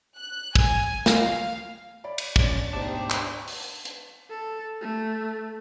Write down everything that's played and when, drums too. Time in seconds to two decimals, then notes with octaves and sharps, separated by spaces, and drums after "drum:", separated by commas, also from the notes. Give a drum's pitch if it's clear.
0.16 F#6
0.56 G#5, drum: kick
1.06 F5, drum: snare
2.04 C#5 D5 B5
2.18 drum: cymbal
2.36 C#4 D4 A6, drum: kick
2.73 D2 G#2 B2 D4 D#4 G4 C5
3.10 drum: clap
3.48 drum: open hi-hat
3.85 drum: hi-hat
4.30 A4
4.82 A3